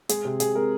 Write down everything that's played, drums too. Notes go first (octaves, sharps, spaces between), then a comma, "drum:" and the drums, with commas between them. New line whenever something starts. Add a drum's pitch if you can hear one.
G#3 G#4, drum: hi-hat
C3
C3 G#4, drum: hi-hat
G#3 A#4